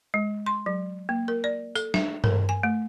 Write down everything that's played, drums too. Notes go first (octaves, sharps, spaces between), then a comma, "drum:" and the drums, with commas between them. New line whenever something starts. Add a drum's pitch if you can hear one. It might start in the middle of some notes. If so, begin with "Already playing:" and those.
G#3
C6
F#3
A#3
A#4
D5
A4, drum: tambourine
E5, drum: snare
A#4, drum: tom G2
G#5
A3